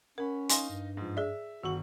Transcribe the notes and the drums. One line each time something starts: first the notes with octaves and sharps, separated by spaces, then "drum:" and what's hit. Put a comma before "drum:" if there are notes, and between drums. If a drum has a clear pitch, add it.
C#4 A#4 F#5 B5
D#4 D#5 F5 G#5 C6, drum: hi-hat
G2
G#2 F3
G#4 D5 E5
G1 D#3 F#4 C#6 F#7